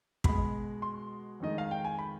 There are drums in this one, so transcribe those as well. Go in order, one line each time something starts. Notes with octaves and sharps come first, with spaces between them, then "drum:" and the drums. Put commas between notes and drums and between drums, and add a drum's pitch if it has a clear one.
B2 G#3 B5, drum: kick
C6
F2 D#3 G#3 D#5
F5
G5
G#5
B5